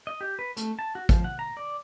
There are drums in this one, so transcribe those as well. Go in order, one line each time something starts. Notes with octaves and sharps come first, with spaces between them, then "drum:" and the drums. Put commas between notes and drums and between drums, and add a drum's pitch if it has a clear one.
D#5
G4
B4
A3, drum: hi-hat
A5
F#4
F3, drum: kick, hi-hat
F#5
A#5
D5